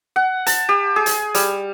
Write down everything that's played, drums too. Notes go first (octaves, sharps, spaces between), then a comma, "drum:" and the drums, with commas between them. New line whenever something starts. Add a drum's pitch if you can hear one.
F#5
A5, drum: hi-hat
G4
G#4
drum: hi-hat
G3, drum: hi-hat